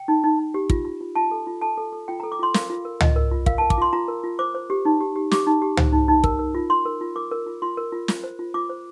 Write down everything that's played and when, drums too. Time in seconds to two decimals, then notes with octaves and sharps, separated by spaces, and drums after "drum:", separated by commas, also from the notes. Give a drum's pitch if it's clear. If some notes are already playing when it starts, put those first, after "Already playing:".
Already playing: G5
0.08 D#4
0.24 D#4
0.39 D#4
0.54 G4
0.70 F4, drum: kick
0.85 F4
1.01 F4
1.15 F4 A5
1.31 A4
1.47 F4
1.61 A4 A5
1.77 A4
1.92 A4
2.08 F4 G5
2.20 A4 A#5
2.32 D6
2.39 F4 C6
2.54 A#4 F5, drum: snare
2.70 F4
2.85 A#4
3.00 F4 D#5, drum: tom C#2
3.16 A#4
3.31 F4
3.46 A#4 F5, drum: kick
3.58 A#4 A5
3.70 D6, drum: kick
3.78 F4 C6
3.93 F4 A#5
4.08 A#4
4.23 F4
4.39 C5 D6
4.55 C5
4.70 G4
4.85 D#4
5.01 G4
5.16 G4
5.31 G4 D6, drum: snare
5.47 D#4
5.62 G4
5.77 C5, drum: tom C#2
5.93 D#4
6.08 D#4
6.24 A#4, drum: kick
6.39 A#4
6.55 F4
6.69 F4 C6
6.85 A#4
7.01 F4
7.16 A#4 D6
7.31 A#4
7.46 F4
7.62 F4 C6
7.77 A#4
7.92 F4
8.08 F4, drum: snare
8.24 C5
8.39 F4
8.54 F4 D6
8.70 C5